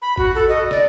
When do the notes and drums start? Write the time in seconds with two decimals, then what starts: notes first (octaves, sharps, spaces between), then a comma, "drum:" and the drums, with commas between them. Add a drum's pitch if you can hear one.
0.02 B5
0.18 F#4, drum: kick
0.35 A4
0.49 D#5
0.71 D5, drum: snare